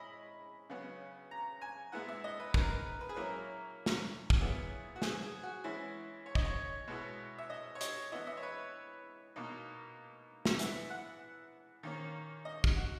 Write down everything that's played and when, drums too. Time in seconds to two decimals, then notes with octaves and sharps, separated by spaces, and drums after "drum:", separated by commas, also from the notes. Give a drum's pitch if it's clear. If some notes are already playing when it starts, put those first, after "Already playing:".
Already playing: G#3 C#4 E4 D#5 B5
0.69 C#3 F#3 B3
1.31 A#5
1.61 G#5
1.92 A#2 G#3 B3 E4 F#5
2.09 E5
2.24 D#5
2.40 B4
2.54 A#4, drum: kick
2.70 B4
3.01 B4
3.09 G#4
3.16 F#3 A#3 C#4 E4 A#4
3.86 drum: snare
4.30 drum: kick
4.40 A#2 F#3 B3 E4 G#4
4.96 F#4
5.02 G#4, drum: snare
5.23 G#4
5.43 F#4
5.64 E3 G#3 C#4 E4
6.26 C#5
6.35 D#5, drum: kick
6.45 C#5
6.87 B2 G#3 B3 E4
7.38 E5
7.50 D#5
7.75 C#5
7.81 D#5, drum: hi-hat
8.12 E3 B3 E4 D#5
8.27 E5
8.37 C#5
8.43 B4
9.36 B2 A#3 D#4
10.45 drum: snare
10.59 E3 B3 E4 E5, drum: hi-hat
10.90 F#5
11.83 D#3 A#3 C#4
12.45 D#5
12.64 drum: kick
12.76 F#4